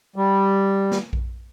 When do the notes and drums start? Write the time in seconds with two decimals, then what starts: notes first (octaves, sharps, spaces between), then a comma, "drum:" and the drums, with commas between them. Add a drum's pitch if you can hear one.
0.16 G3
0.92 drum: snare
1.13 drum: kick A#1